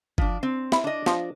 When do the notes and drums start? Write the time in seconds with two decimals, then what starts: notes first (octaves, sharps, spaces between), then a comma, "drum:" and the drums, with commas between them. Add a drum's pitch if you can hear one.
0.18 F3 D4, drum: kick F#1
0.43 C4
0.72 E4, drum: snare
0.84 D4 D#5
1.06 F3, drum: snare